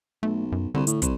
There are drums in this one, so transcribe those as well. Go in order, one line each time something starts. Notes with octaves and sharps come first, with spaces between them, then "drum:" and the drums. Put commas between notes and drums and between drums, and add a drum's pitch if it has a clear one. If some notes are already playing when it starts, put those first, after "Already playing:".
B1 A3
F#2
C2 D3
A2, drum: hi-hat
C2, drum: kick, hi-hat